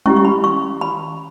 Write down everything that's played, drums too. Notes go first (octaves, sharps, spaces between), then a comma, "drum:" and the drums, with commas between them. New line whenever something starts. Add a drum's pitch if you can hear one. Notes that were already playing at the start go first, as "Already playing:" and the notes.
C#4 E4 G4 C#6, drum: tom G3
C#6
B5
C#6
B5